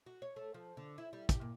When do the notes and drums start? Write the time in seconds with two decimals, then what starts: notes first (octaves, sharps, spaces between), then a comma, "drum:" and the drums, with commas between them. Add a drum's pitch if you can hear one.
0.06 F#4
0.22 C#5
0.36 A3
0.54 F3
0.77 D3
0.98 E4
1.13 G3
1.29 G4, drum: kick, hi-hat
1.41 A#2